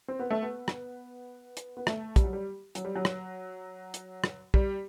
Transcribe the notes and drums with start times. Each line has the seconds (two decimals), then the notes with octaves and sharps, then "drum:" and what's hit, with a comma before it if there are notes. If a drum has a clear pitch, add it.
0.08 C4
0.19 B3
0.30 A3
0.42 B3
0.68 drum: rim click
1.57 drum: hi-hat
1.77 B3
1.87 A3, drum: rim click
2.16 G3, drum: kick, hi-hat
2.24 F#3
2.33 G3
2.75 F#3, drum: hi-hat
2.85 G3
2.96 F#3
3.05 drum: rim click
3.94 drum: hi-hat
4.24 drum: rim click
4.54 G3, drum: kick